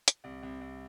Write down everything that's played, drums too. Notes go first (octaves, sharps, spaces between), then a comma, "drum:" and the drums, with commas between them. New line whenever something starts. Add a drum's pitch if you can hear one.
drum: hi-hat
C2
C2
C2